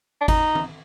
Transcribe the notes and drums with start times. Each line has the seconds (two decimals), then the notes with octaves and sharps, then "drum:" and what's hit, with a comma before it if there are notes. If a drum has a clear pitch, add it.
0.21 D4
0.28 D#4, drum: kick G1, cymbal
0.55 drum: tom